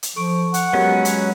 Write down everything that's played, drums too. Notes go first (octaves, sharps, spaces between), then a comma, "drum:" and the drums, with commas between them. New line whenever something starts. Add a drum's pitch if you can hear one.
drum: hi-hat
F3 A4 C#6 D7
F#5, drum: hi-hat
F#3 G#3 B3 C#4 G4 A#4
drum: hi-hat